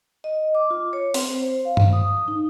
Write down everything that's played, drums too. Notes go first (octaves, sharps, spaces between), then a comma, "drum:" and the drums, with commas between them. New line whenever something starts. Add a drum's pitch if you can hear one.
D#5
D6
F4
C#5
C4, drum: open hi-hat
C5
F5
drum: tom G2
D#6
D#4